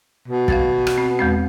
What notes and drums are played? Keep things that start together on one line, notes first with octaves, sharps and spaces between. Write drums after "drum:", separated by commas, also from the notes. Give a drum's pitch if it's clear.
B2
F5 G#6 A6, drum: kick
drum: rim click
C4
E2 G#3 C4